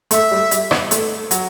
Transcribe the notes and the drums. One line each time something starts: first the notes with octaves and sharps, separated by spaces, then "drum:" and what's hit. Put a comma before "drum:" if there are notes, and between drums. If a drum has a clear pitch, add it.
A3 E5, drum: hi-hat
G3
G3, drum: hi-hat
B3, drum: rim click
A3, drum: hi-hat
F#3, drum: hi-hat